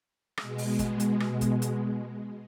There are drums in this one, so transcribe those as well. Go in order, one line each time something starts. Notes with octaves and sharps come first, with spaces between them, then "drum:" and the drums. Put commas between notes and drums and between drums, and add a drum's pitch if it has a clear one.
B2 G#3, drum: rim click
drum: open hi-hat
drum: kick, hi-hat
drum: hi-hat
drum: rim click
drum: kick, hi-hat
drum: hi-hat